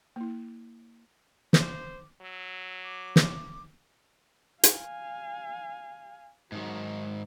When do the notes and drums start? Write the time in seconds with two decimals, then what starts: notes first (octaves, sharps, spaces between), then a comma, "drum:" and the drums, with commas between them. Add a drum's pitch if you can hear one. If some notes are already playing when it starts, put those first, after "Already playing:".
0.16 A#3 E4
1.53 C5 D6, drum: snare
2.22 F#3 E6
2.83 D6
3.16 drum: snare
4.63 F5 G#5, drum: hi-hat
6.52 G#2 D#3 F#3